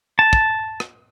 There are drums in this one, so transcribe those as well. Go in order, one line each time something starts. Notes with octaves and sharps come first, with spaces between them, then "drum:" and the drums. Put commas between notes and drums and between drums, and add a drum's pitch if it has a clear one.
A5
drum: kick
drum: rim click